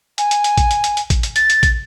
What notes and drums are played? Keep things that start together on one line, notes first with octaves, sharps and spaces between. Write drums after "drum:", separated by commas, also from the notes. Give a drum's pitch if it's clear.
G#5, drum: hi-hat
drum: hi-hat
drum: hi-hat
drum: kick A1, hi-hat
drum: hi-hat
drum: hi-hat
drum: hi-hat
drum: kick A1, hi-hat
drum: hi-hat
A6, drum: hi-hat
drum: hi-hat
drum: kick A1, hi-hat